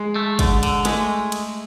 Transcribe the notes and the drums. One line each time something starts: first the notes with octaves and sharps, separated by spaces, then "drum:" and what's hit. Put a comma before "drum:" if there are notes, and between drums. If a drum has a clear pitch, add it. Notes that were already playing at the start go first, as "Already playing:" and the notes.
Already playing: G#3
A3
D3, drum: kick, cymbal
D3, drum: cymbal
G#3 A3, drum: cymbal
drum: cymbal